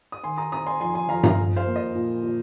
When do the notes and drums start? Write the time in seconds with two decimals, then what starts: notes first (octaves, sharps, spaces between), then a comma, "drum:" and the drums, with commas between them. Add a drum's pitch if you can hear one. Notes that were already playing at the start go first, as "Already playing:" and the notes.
0.12 D#6
0.23 D#3 G#5 C6
0.38 A#5 D#6
0.52 C4 A#5 D#6
0.66 G#5 C6
0.80 F2 G#5 C6
0.95 G#5 C6
1.09 F2 F5 A#5
1.23 F5 A#5, drum: tom G2
1.38 F3
1.56 C5 F5
1.66 A#3
1.76 D#5
1.95 A#2
2.23 A#2